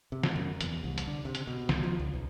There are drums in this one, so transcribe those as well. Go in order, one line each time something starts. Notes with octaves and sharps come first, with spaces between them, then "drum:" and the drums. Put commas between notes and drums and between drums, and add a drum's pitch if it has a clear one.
C3
drum: snare
F#2
E2, drum: hi-hat
C2
drum: hi-hat
D3
C3
drum: hi-hat
B2
C2, drum: snare
F3
C#2
B1